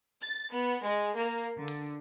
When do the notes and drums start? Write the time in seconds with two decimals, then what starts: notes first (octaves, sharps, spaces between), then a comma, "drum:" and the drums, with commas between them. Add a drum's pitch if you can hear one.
0.22 A6
0.52 B3
0.83 G#3
1.15 A#3
1.56 D3
1.68 drum: open hi-hat